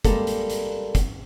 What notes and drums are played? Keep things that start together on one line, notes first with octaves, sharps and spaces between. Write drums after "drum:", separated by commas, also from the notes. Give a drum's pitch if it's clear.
G3 G#3 A#3 A4, drum: kick, hi-hat
drum: hi-hat
drum: hi-hat
drum: kick, hi-hat